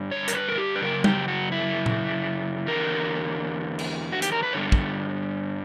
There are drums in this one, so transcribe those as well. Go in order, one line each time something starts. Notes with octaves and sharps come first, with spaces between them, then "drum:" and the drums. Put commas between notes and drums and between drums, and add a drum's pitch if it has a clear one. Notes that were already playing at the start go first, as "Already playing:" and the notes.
Already playing: G2 D3
C#5
A#4, drum: hi-hat
B4
A#4
G4
B4
F#2 C#3 A#4
G4, drum: tom G3
F#4
E4
drum: tom A#2
E2 D3 A#4
drum: cymbal
F#4
G4, drum: hi-hat
A#4
B4
G2 D3 C#5
drum: kick